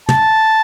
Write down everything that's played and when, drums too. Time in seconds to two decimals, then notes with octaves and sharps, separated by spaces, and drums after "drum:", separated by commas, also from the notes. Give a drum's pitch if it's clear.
0.09 A5, drum: tom